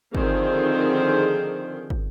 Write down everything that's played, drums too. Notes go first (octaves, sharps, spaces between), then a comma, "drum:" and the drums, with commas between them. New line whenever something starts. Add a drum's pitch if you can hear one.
D3 D#3 F3 C4 G#4 C5, drum: kick
drum: kick